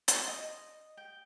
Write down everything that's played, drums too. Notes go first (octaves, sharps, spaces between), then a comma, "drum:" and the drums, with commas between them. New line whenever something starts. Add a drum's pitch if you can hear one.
C6, drum: hi-hat
D#5
G5